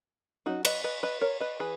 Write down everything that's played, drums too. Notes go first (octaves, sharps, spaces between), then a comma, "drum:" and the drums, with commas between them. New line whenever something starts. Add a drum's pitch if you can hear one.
F#3 A#3 C#4 D#4 F#4
B4 D#5, drum: cymbal
B4 D#5
B4 D#5
A#4 C#5
B4 D#5
E3 G#4 B4